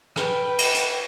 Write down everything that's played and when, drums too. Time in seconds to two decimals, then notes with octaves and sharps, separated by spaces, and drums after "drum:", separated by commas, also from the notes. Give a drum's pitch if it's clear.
0.16 B4 G5, drum: rim click
0.59 drum: cymbal
0.74 drum: hi-hat